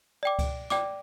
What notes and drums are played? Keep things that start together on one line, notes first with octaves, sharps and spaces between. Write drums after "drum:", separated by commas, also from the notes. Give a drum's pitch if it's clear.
D5 G5 D6
drum: kick C#2, cymbal
D5 G5 D6, drum: snare